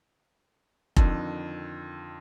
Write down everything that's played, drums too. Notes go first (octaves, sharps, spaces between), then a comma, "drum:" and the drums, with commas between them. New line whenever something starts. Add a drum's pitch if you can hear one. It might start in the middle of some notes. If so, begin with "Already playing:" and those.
F2 D3 D#3, drum: kick F1